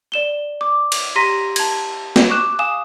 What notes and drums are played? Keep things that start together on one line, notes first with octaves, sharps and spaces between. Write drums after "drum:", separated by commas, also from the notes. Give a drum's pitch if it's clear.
D5 E7 G7
D6
drum: cymbal
G4 A#5 C6 A#6 B6 D#7
A5 G#6, drum: cymbal
drum: snare
C#6 D6 F#6 E7
F5 G#5 D#6 E7